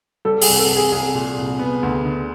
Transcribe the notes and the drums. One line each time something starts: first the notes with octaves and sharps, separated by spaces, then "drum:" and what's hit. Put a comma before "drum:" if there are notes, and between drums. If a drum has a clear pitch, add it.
G3 A4
G#4, drum: open hi-hat
C2
A4
C2
G#4
C2 G#4
A#2
C2
B3
D2
D3